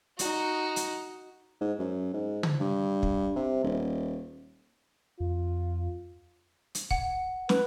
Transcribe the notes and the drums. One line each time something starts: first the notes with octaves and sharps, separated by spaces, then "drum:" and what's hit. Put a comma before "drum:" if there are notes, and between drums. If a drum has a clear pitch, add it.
D#4 F#4, drum: hi-hat
drum: hi-hat
G#2
F#2
G#2
drum: tom
G2
drum: kick
C3
D#1
F2 F4
drum: hi-hat
F#5, drum: kick
B4, drum: snare